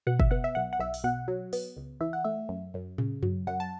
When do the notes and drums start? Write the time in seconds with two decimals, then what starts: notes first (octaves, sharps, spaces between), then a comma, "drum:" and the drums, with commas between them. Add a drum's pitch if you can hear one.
0.07 B2 F#5
0.20 E5, drum: kick
0.31 B3 F#5
0.44 E5
0.55 B1 F#5
0.73 F#5
0.79 B1 E5
0.94 drum: open hi-hat
1.04 B2 F#5
1.28 F#3
1.53 B3, drum: open hi-hat
1.77 C#2
2.01 E3 E5
2.13 F#5
2.25 A3 E5
2.49 F#2
2.74 F#2
2.98 C#3, drum: tom A2
3.23 F#3, drum: tom F#2
3.47 F#2 F#5
3.60 A5